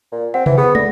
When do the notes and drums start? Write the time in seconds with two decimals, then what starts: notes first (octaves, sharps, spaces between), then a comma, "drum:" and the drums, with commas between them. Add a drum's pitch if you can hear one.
0.12 A#2
0.34 C4 F#5
0.46 E3, drum: tom C3
0.58 B3 G#4
0.75 D3 A#6, drum: tom